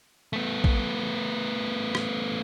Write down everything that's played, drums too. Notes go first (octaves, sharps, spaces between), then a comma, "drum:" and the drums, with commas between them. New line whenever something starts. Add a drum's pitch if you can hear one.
A3 B3
drum: kick A#1
drum: rim click